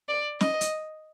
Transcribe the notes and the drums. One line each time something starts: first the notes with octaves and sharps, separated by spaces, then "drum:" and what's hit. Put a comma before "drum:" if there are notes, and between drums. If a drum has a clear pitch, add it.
D5
D#5, drum: snare
drum: hi-hat